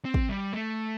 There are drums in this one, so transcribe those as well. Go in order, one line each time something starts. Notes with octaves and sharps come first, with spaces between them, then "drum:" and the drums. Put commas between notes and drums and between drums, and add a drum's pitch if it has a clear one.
C4
drum: kick
G3
A3